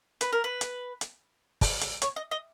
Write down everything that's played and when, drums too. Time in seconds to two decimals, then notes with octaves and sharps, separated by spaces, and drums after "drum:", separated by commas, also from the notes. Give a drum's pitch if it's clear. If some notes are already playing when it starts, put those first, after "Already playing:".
0.21 B4, drum: hi-hat
0.33 A#4
0.44 B4
0.61 drum: hi-hat
1.01 drum: hi-hat
1.61 drum: kick, open hi-hat
1.81 drum: hi-hat
2.02 C#5, drum: hi-hat
2.16 D#5
2.31 D#5